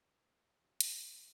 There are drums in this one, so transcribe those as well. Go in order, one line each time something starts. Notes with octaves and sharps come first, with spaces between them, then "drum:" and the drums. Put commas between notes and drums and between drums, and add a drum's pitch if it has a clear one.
B1 F5
E2 D4 D#6
D3 D#3
F3 F#3 C4
C#2 G#2, drum: hi-hat
G3 C4 E5